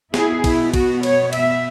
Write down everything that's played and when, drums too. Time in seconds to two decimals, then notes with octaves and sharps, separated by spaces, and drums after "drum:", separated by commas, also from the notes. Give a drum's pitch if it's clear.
0.14 B2 B3 E4 G#4, drum: snare
0.44 E4, drum: kick, cymbal
0.74 F#4, drum: kick, cymbal
1.03 C#5, drum: cymbal
1.33 E5, drum: cymbal